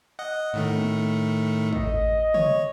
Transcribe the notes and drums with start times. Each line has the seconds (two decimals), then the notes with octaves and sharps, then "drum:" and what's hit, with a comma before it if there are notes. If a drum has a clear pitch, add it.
0.19 D#5 F#5
0.53 A2 D#3 A3
0.76 drum: tom
1.73 D#5, drum: kick
2.34 C#5, drum: tom